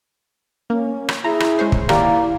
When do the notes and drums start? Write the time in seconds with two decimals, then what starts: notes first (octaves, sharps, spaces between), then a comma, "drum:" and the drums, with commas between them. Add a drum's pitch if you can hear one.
0.70 A#3 C#4
1.09 drum: rim click
1.24 E4 G#4 A#5
1.40 drum: rim click
1.59 G#3 C#4 C5
1.72 drum: kick
1.89 D#3 A#3 E4 G4 A#4 D5, drum: rim click